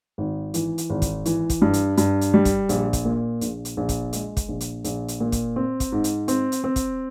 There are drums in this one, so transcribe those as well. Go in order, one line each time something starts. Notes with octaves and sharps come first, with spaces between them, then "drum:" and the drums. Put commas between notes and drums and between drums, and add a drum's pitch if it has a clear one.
G#1
E3, drum: hi-hat
drum: hi-hat
G#1
drum: kick, hi-hat
E3, drum: hi-hat
drum: kick, hi-hat
G2
drum: hi-hat
G2, drum: hi-hat
drum: hi-hat
G3
drum: kick, hi-hat
A#1, drum: hi-hat
drum: kick, hi-hat
A#2
A#1, drum: hi-hat
drum: hi-hat
A#1
drum: kick, hi-hat
G#3, drum: hi-hat
drum: kick, hi-hat
A#1
drum: hi-hat
A#1, drum: hi-hat
drum: hi-hat
A#2
drum: kick, hi-hat
C4
drum: kick, hi-hat
G#2
drum: hi-hat
C4, drum: hi-hat
drum: hi-hat
C4
drum: kick, hi-hat